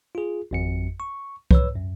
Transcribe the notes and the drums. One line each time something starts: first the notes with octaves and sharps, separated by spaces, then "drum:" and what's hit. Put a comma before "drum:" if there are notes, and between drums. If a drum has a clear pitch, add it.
F4 G#4
G#1 F2 C#7
C#6
B4 C#5 E6, drum: kick C2
F#2